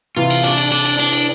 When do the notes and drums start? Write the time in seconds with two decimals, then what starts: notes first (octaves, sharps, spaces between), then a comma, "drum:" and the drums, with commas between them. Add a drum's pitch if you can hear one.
0.17 C3 E3 F4
0.30 drum: cymbal
0.44 D4, drum: cymbal
0.58 drum: cymbal
0.71 D4, drum: cymbal
0.85 drum: cymbal
0.99 D4, drum: cymbal
1.13 drum: cymbal